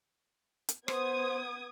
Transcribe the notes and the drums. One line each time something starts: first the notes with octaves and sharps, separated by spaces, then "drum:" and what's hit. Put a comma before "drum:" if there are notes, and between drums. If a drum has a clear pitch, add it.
drum: hi-hat
B3 C5 D#6 G#6, drum: rim click